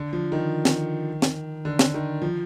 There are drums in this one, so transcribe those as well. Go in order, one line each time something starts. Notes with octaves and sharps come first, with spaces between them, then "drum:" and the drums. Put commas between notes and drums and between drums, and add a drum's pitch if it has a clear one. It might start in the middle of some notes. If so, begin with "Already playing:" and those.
Already playing: D3
F3
D#3
drum: snare
drum: snare
D3
drum: snare
D#3
F3